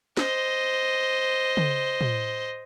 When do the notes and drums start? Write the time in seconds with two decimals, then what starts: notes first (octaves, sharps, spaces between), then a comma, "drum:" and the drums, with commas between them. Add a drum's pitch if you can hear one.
0.17 C5 D#5, drum: snare
1.57 drum: tom C#3
2.01 drum: tom A2